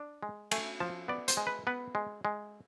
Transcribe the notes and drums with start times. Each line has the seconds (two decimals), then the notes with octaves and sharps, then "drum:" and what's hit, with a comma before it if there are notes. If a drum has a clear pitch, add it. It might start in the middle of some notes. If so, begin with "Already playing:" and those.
Already playing: D4
0.23 G#3
0.51 A3 G#5, drum: cymbal
0.80 F3 A5
1.08 B3 D5
1.28 C5, drum: hi-hat
1.37 G#3
1.47 B4
1.67 B3 B4
1.95 G#3
2.25 G#3